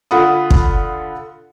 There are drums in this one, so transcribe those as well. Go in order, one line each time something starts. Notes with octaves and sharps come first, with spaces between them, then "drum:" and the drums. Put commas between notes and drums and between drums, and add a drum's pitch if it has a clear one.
D3 F4 F#5 B5 D#6
drum: kick